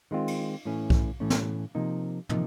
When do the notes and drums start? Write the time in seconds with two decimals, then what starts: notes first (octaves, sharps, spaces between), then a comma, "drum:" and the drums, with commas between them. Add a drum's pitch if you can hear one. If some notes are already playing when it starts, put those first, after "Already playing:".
0.11 D#3 G#3 C4 F4
0.28 drum: cymbal
0.65 A2 E3 A3 C#4
0.90 drum: kick B1
1.20 A2 E3 A3 C#4
1.30 drum: snare
1.75 C3 F3 A#3 D#4
2.29 C3 F3 A#3 D#4, drum: tom